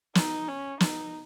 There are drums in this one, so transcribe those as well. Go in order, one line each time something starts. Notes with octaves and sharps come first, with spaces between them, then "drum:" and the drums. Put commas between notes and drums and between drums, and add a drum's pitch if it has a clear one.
D#4, drum: snare
C#4
D#4, drum: snare